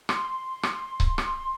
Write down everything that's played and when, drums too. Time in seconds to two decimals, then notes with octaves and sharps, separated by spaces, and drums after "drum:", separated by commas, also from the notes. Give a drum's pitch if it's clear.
0.09 C6, drum: rim click
0.63 drum: rim click
1.00 drum: kick C#1
1.18 drum: rim click